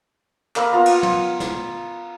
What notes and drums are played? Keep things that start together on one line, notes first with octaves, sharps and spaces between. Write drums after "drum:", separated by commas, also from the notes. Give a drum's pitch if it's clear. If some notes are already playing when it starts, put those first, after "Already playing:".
A#3 F5 B5 E6, drum: clap
B3 F4 A#5
drum: cymbal
drum: tom
drum: snare